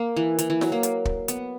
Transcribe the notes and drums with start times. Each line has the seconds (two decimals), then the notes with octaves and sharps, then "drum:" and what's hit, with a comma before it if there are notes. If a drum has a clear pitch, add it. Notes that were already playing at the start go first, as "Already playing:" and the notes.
Already playing: A#3
0.16 E3
0.39 E3, drum: hi-hat
0.50 E3
0.61 F#3, drum: snare
0.72 A#3
0.83 drum: hi-hat
1.05 drum: kick
1.28 B3, drum: hi-hat